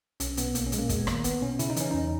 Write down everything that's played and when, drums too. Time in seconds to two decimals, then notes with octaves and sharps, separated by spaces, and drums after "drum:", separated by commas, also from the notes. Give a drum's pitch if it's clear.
0.20 B1 C#4, drum: hi-hat
0.37 B2 B3, drum: hi-hat
0.55 A#1 A#3, drum: hi-hat
0.67 C#4
0.72 A#2 G#3, drum: hi-hat
0.78 A#3
0.89 G#1 G#3, drum: kick, hi-hat
0.98 B3
1.07 D#3 A#3, drum: rim click
1.24 B1 B3, drum: hi-hat
1.41 B2 C#4
1.59 C#3 E4, drum: hi-hat
1.70 D#4
1.76 E3 C#4, drum: hi-hat
1.91 E2 D#4